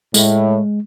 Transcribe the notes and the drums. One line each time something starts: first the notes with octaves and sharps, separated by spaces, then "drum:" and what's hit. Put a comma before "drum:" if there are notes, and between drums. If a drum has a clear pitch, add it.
A2 G#3, drum: tambourine